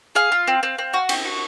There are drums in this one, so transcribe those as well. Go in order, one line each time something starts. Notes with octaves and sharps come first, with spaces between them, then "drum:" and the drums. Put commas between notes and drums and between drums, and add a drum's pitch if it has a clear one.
G#4 F5
F4
C4
C4
C4
F#4
C4, drum: cymbal
F#4